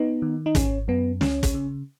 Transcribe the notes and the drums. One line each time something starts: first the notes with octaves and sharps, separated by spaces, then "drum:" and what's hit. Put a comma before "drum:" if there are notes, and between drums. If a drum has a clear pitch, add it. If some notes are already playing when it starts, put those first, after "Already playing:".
Already playing: B3 D#4
D#3
D#4
G#1 C#4, drum: kick, hi-hat
F#2 B3
C#2 C#4, drum: snare
drum: kick, hi-hat
C#3